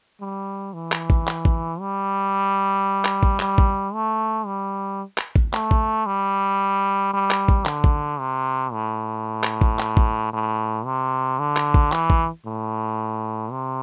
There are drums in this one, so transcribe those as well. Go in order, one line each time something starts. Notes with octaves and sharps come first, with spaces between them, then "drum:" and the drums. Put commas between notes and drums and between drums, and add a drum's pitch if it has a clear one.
G3
E3
drum: clap
drum: kick A1
drum: clap
drum: kick A1
G3
drum: clap
drum: kick A1
G3, drum: clap
drum: kick A1
A3
G3
drum: clap
drum: kick A1
A3, drum: clap
drum: kick A1
G3
G3
drum: clap
drum: kick A1
D3, drum: clap
drum: kick A1
C3
A2
drum: clap
drum: kick A1
drum: clap
drum: kick A1
A2
C3
D3
drum: clap
drum: kick A1
E3, drum: clap
drum: kick A1
A2
C3